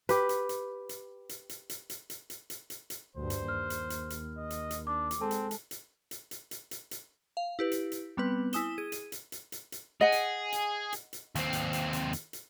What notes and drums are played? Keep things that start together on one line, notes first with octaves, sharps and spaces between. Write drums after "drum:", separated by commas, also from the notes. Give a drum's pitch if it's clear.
G4 B4, drum: hi-hat
drum: hi-hat
drum: hi-hat
drum: hi-hat
drum: hi-hat
drum: hi-hat
drum: hi-hat
drum: hi-hat
drum: hi-hat
drum: hi-hat
drum: hi-hat
drum: hi-hat
drum: hi-hat
D2 G2 C5
drum: hi-hat
D#2 F6
drum: hi-hat
drum: hi-hat
drum: hi-hat
D#5
drum: hi-hat
drum: hi-hat
D4 D6
drum: hi-hat
G#3 C4 A4 A5
drum: hi-hat
drum: hi-hat
drum: hi-hat
drum: hi-hat
drum: hi-hat
drum: hi-hat
drum: hi-hat
drum: hi-hat
F5
E4 G4 B4
drum: hi-hat
drum: hi-hat
G3 B3 C4 B4
E4 G#5 D#6 E7 G7, drum: hi-hat
G#4 D#7
drum: hi-hat
drum: hi-hat
drum: hi-hat
drum: hi-hat
drum: hi-hat
G#4 D#5 F#5
drum: hi-hat
drum: hi-hat
drum: hi-hat
drum: hi-hat
D#2 C4, drum: hi-hat
drum: hi-hat
drum: hi-hat
drum: hi-hat
drum: hi-hat
drum: hi-hat